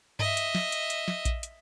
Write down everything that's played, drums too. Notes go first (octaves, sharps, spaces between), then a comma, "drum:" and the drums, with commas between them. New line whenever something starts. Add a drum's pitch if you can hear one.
D#5 E5, drum: tom G2
drum: hi-hat
drum: snare
drum: hi-hat
drum: hi-hat
drum: snare
drum: kick A#1, hi-hat
drum: hi-hat